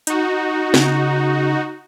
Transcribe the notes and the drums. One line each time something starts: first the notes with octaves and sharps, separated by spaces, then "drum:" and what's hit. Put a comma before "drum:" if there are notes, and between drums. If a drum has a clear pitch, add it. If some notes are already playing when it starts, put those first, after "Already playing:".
D#4 F#4, drum: hi-hat
C#3, drum: snare